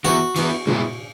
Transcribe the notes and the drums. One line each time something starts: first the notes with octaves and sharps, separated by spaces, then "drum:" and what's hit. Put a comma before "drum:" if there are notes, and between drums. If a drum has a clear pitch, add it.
E3 B3 E4 F#4
E3 B3 E4, drum: cymbal
A#2 G#3 B3 E4, drum: tom A#2